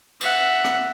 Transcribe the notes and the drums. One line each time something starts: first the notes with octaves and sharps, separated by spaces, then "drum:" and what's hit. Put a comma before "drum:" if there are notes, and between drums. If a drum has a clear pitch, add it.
E5 F#5, drum: cymbal
drum: rim click